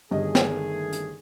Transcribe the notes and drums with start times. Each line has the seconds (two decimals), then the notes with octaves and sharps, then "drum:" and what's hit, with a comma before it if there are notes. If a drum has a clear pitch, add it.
0.11 G1 G2 D#3 A3 G#4 D#5
0.35 drum: snare
0.93 drum: hi-hat